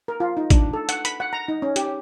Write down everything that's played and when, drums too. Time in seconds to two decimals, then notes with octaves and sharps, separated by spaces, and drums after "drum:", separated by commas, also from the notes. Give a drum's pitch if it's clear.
0.08 A#4
0.20 F4
0.37 D#4
0.50 D4, drum: kick, hi-hat
0.73 A4
0.89 F#5, drum: hi-hat
1.05 B5, drum: hi-hat
1.20 F#5
1.33 A#5
1.48 D#4
1.62 C#4
1.76 G4, drum: hi-hat